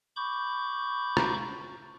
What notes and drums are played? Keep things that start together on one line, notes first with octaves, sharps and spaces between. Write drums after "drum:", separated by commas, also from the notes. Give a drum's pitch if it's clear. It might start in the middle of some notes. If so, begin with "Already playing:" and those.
B5 C#6 D6 G6
drum: rim click